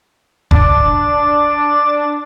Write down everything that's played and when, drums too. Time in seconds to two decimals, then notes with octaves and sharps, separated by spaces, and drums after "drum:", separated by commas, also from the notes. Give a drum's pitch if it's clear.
0.51 D4 D6 A6, drum: kick F1